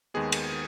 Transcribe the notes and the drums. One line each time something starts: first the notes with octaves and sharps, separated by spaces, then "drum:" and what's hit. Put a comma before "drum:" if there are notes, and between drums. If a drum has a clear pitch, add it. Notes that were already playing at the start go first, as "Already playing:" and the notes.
D#2 D#3 G#3 B3 G#4
drum: cymbal
D#3